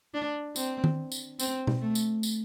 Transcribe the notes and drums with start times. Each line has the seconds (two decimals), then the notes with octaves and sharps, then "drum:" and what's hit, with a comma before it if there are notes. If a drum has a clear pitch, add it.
0.14 D4
0.56 C4, drum: tambourine
0.84 drum: tom D#3
1.12 drum: tambourine
1.39 C4, drum: tambourine
1.67 drum: tom B2
1.81 A3
1.95 drum: tambourine
2.23 drum: tambourine